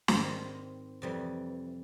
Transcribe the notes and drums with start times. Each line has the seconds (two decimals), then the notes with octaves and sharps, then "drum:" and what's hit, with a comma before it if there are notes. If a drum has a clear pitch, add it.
0.08 G#2 D#3 G3 C4, drum: snare
1.02 F2 C3 E3 G3